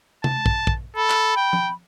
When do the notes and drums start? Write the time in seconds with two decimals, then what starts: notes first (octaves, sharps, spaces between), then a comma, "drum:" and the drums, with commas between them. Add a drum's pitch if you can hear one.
0.24 A5, drum: tom C3
0.46 drum: kick
0.67 drum: kick
0.96 A4 B5
1.10 drum: clap
1.37 G5
1.53 drum: tom